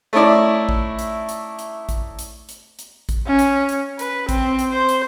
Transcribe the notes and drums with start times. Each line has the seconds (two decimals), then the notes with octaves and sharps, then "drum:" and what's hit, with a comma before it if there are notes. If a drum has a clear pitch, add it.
0.13 A3 C#4 D#4 E4 D5
0.69 drum: kick A1
0.99 drum: hi-hat
1.29 drum: hi-hat
1.59 drum: hi-hat
1.89 drum: kick A1, hi-hat
2.19 drum: hi-hat
2.49 drum: hi-hat
2.79 drum: hi-hat
3.09 drum: kick A1, hi-hat
3.27 C#4
3.39 drum: hi-hat
3.69 drum: hi-hat
3.99 B4, drum: hi-hat
4.29 C4, drum: kick A1, hi-hat
4.59 drum: hi-hat
4.72 C5
4.89 drum: hi-hat